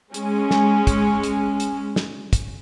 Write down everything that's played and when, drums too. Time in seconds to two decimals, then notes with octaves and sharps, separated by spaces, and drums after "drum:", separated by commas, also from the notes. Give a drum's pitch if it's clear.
0.14 G#3 C#4, drum: hi-hat
0.51 drum: snare
0.87 drum: kick, hi-hat
1.23 drum: hi-hat
1.60 drum: hi-hat
1.96 drum: snare
2.33 drum: kick, hi-hat